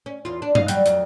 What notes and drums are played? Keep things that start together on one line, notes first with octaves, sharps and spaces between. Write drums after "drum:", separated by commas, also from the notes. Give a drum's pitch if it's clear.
C#4
E2 F4
D4
G#2 D#5 F5, drum: tom G2
F#3 G3, drum: hi-hat
F2 F#3, drum: hi-hat